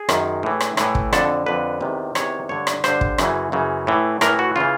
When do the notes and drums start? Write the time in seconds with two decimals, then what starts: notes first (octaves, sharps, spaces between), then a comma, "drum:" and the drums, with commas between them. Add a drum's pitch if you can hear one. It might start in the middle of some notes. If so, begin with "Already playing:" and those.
Already playing: G#4
0.09 F#2 D#3, drum: rim click
0.43 A2 E3
0.60 drum: rim click
0.77 A2 E3, drum: rim click
0.95 drum: kick
1.13 F2 D3 A4, drum: rim click
1.46 F2 D3 B4
1.81 E2 C3 D#3
2.15 E2 C3 D#3 C#5, drum: rim click
2.49 G2 D3 C#5
2.67 drum: rim click
2.84 G2 D3 C5, drum: rim click
3.01 drum: kick
3.18 F#2 C#3 E3, drum: rim click
3.52 F#2 C#3 E3
3.87 A2 E3
4.21 A2 E3 A#4, drum: rim click
4.39 F#4
4.56 C#3 E3 F4